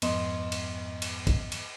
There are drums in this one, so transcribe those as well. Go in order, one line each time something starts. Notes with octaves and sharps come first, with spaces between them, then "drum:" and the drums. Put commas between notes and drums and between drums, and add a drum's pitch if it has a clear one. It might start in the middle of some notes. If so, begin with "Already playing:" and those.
F2 G#2 B3 D#5 C6, drum: cymbal
drum: cymbal
drum: cymbal
drum: kick, cymbal
drum: cymbal